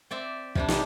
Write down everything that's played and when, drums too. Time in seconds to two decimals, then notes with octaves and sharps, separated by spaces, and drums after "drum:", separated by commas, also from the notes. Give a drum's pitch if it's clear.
0.11 C4 D5 E5
0.55 C3 G3 D4, drum: kick
0.68 D#4 G4, drum: snare